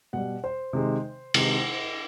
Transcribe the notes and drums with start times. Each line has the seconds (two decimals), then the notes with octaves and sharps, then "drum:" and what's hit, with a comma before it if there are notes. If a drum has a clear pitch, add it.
0.13 B2 G3 F#5
0.44 C5
0.73 C3 D#3 G#3
1.34 C3 D#3 G#3, drum: cymbal